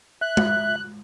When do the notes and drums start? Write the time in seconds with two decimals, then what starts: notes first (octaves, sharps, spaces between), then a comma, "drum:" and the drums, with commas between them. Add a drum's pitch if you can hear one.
0.21 E5 F#6
0.37 drum: tom G#3